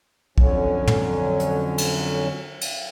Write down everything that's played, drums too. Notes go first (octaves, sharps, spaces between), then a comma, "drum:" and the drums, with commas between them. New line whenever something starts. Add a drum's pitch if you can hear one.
F2 D3 F#3 C#4, drum: kick B1
drum: tom
drum: hi-hat
drum: cymbal
drum: cymbal